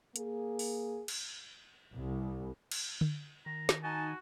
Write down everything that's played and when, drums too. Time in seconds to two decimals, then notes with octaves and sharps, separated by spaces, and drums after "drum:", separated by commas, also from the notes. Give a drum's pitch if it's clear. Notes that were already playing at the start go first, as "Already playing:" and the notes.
0.16 A#3 G#4, drum: hi-hat
0.59 drum: open hi-hat
1.08 drum: cymbal
1.93 C2
2.72 drum: cymbal
3.01 drum: tom D3
3.46 D#3 A#5
3.69 drum: snare
3.83 D#4 F#4 G#5 A5